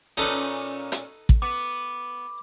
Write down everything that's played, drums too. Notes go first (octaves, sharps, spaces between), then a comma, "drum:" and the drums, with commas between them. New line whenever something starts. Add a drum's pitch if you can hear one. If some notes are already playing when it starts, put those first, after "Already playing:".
A#2 C#4 D#4 A4 B4
drum: hi-hat
drum: kick
B3 D6